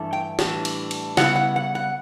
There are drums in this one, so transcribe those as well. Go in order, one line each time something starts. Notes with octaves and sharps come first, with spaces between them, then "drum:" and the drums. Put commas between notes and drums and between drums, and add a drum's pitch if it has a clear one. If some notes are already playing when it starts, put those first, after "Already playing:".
Already playing: G2 E3 A3
G5
A2 E3 G3 D4, drum: snare
drum: cymbal
drum: cymbal
C#3 G3 B3 E4 F#5, drum: snare
F#5
F#5
F#5